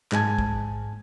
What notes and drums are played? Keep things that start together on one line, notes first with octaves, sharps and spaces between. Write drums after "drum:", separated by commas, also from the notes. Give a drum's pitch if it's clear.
G#2 G#3 G#5 A5 G#6, drum: clap
drum: kick